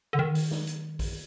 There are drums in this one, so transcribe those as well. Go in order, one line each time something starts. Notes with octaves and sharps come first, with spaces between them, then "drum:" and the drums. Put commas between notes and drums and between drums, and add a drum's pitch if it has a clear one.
D3
D#3
drum: open hi-hat
drum: snare
drum: hi-hat
drum: kick A#1, open hi-hat